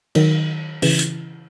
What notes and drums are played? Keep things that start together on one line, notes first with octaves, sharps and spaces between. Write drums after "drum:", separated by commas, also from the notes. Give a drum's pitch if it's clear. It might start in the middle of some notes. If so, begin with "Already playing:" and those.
D#3 F#3, drum: cymbal
C#3 E3, drum: open hi-hat
drum: hi-hat